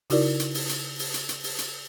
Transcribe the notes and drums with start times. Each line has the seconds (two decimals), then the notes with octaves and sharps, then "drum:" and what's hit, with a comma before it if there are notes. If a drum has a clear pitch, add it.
0.10 C#3 D#4 E4 F#4 A#4 D5, drum: open hi-hat
0.40 drum: hi-hat
0.54 drum: open hi-hat
0.69 drum: hi-hat
0.99 drum: open hi-hat
1.14 drum: hi-hat
1.29 drum: hi-hat
1.44 drum: open hi-hat
1.58 drum: hi-hat